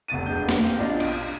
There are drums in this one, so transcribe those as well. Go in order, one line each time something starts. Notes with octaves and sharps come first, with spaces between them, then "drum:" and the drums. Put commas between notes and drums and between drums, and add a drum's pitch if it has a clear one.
F1 B2 A6 D#7
E1 D4 G6
drum: snare
C4 G4 F5
A#1 B2 D4 F4 D#5
D7, drum: cymbal